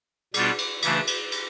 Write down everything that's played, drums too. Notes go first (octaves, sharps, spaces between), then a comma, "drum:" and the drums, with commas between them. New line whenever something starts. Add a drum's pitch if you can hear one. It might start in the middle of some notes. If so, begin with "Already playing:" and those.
B2 G3 B3 D4 F4, drum: cymbal
drum: cymbal
C#3 E3 A3 D4, drum: cymbal
drum: cymbal
drum: cymbal